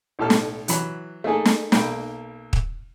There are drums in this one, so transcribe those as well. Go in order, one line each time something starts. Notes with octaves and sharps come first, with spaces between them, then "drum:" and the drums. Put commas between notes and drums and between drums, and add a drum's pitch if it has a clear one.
B1 A2 G4 A4 A5 F6
drum: snare
E3 F#3 B5, drum: hi-hat
A3 A#3 D#4 G#4 A4
drum: snare
B1 A#3 G5 B5, drum: snare
drum: kick